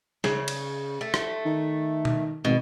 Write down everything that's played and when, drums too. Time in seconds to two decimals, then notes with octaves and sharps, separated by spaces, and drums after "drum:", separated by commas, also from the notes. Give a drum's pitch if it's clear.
0.24 C#3, drum: snare
0.48 drum: cymbal
1.01 A3
1.14 drum: rim click
1.46 D#3
2.05 drum: tom B2
2.45 G#1 B2